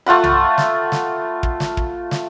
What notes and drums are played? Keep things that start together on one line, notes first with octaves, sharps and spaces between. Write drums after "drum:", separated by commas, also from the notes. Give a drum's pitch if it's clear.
A3 F4 F#5 B5
drum: tom B1
drum: snare
drum: snare
drum: kick
drum: snare
drum: kick
drum: snare